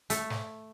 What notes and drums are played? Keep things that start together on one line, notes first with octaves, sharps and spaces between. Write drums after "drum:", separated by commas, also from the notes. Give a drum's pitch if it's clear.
A3, drum: hi-hat
drum: snare